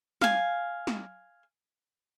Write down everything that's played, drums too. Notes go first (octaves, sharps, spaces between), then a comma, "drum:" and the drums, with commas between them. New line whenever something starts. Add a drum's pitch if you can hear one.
F5 G#5, drum: snare
drum: snare